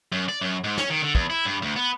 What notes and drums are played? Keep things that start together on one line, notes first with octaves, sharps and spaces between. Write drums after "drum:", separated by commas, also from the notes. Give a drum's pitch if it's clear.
F#2
D5
F#2
G#2
C#4, drum: snare
D#3
D3
E2, drum: kick
E4
G2
D2
B3